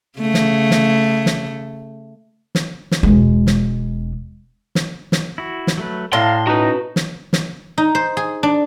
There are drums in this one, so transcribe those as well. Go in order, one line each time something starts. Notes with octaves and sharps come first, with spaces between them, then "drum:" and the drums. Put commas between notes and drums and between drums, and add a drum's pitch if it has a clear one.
C#3 A3
drum: snare
drum: snare
drum: snare
drum: snare
drum: snare
E1 G#3
drum: snare
drum: snare
drum: snare
E4 F#4
drum: snare
F#3 A3 B4
A2 F5 A5 A#5 C6
C#4 D#4 F#4 B4 A#5
drum: snare
drum: snare
D#4
C5
G#4
D4